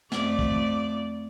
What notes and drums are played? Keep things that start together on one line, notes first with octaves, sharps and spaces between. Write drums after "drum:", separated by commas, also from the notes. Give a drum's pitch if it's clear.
F2 A3 D5, drum: snare
drum: kick